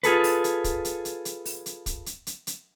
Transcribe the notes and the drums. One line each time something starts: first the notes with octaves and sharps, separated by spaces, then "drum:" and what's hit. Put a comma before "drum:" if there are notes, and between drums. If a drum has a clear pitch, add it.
F4 G#4 A4 B4, drum: hi-hat
drum: open hi-hat
drum: hi-hat
drum: kick, hi-hat
drum: hi-hat
drum: hi-hat
drum: hi-hat
drum: open hi-hat
drum: hi-hat
drum: kick, hi-hat
drum: hi-hat
drum: hi-hat
drum: hi-hat